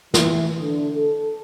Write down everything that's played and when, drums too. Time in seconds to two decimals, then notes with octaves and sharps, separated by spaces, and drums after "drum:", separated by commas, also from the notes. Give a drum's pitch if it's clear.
0.14 E3, drum: snare
0.60 D3
0.93 A4